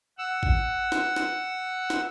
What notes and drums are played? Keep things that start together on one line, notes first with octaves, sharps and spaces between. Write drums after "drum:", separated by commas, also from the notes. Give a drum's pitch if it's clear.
F#5 E6
drum: kick
drum: snare
drum: snare
drum: snare